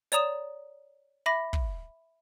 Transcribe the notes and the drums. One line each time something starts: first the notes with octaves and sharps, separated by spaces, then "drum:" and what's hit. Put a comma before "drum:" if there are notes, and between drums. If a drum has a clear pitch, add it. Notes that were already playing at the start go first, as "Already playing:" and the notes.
C#5 D5 A#5 D#6 E7, drum: hi-hat
E5 B5 D6 A#6
drum: kick